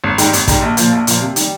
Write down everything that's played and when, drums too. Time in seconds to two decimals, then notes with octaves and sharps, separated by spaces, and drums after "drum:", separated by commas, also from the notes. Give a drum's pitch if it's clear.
0.04 G#1
0.18 G#2 D#3 G3, drum: hi-hat
0.33 G#1, drum: hi-hat
0.48 G#2 D#3 G3, drum: kick, hi-hat
0.62 A#1
0.77 A#2 F3 A#3, drum: hi-hat
0.92 A#1
1.07 A#2 F3 A#3, drum: hi-hat
1.21 C3
1.36 D#3 G3, drum: hi-hat